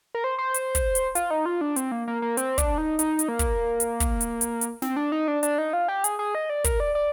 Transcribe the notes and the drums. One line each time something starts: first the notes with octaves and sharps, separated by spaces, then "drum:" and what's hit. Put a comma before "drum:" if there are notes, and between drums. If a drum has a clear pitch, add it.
A#4
C5
C5
drum: hi-hat
drum: kick, hi-hat
drum: hi-hat
F4, drum: hi-hat
D#4
F4
D4
C4, drum: hi-hat
A#3
A#3
A#3
C4, drum: hi-hat
D4, drum: kick, hi-hat
D#4
D#4, drum: hi-hat
drum: hi-hat
A#3
drum: kick, hi-hat
drum: hi-hat
drum: kick, hi-hat
drum: hi-hat
drum: hi-hat
drum: hi-hat
C4, drum: snare
D4
D#4
D4
D4, drum: hi-hat
D#4
F4
G4
G#4, drum: hi-hat
G#4
D#5
D5
A#4, drum: kick, hi-hat
D5
D5